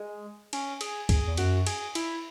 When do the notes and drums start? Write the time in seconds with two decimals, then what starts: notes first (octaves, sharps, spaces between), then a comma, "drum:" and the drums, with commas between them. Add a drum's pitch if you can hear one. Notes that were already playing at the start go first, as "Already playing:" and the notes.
Already playing: G#3
0.53 C#4, drum: cymbal
0.81 G#4, drum: cymbal
1.09 G#4, drum: kick C#2, cymbal
1.27 E2
1.37 F#2 F#4, drum: cymbal
1.67 G#4, drum: cymbal
1.95 E4, drum: cymbal